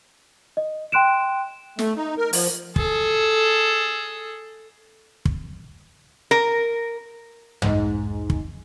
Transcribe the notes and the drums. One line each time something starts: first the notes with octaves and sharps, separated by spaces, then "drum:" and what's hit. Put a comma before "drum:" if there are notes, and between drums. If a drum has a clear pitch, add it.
D#5
G5 C6 F#6 D7 E7
A3, drum: snare
D#4
A#4
F3, drum: open hi-hat
G#4 A4, drum: kick
drum: kick
A#4
G#2, drum: tom
drum: kick